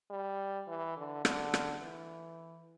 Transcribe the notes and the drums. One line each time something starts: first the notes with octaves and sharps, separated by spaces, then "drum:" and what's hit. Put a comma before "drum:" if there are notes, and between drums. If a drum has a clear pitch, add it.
G3
E3
D3
D3, drum: rim click
drum: rim click
E3